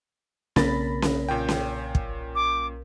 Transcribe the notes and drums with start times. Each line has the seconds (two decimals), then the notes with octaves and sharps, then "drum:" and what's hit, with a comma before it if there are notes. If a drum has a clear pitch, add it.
0.56 B1 C#3 A#3 C4 A#4 B5 A6 A#6, drum: snare C#4
1.02 drum: snare C#4
1.29 A#2 C#4 G5
1.49 drum: snare C#4
1.95 drum: kick
2.35 D6